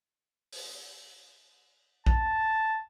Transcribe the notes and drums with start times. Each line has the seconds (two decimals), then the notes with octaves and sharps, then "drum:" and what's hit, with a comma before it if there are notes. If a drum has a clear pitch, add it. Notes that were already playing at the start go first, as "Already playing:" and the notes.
0.53 drum: open hi-hat
2.06 A5, drum: kick A#1